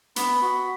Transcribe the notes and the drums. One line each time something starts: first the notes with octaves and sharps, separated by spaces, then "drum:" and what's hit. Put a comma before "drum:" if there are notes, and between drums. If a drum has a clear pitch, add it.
B3 B5, drum: hi-hat
F#4